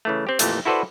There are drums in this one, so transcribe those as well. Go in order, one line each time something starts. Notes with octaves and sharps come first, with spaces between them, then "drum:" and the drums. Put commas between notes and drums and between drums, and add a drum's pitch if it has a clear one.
C#3 E3 A3
C4 G4
F2 A#2 E3 A3 G4, drum: hi-hat
E4 F#4 A4 B4 C5 D5